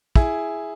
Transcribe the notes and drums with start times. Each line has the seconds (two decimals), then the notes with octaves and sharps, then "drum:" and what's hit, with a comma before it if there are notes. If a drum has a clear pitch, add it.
0.16 E4 G#4, drum: kick